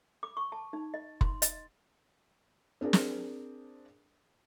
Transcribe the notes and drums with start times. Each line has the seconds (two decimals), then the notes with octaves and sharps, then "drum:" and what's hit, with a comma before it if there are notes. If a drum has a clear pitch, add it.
0.23 D6
0.37 C#6
0.52 A5
0.73 D#4
0.94 D#5
1.21 C6, drum: kick F#1
1.42 D#5, drum: hi-hat
2.81 C4 D4 G#4 A#4
2.93 drum: snare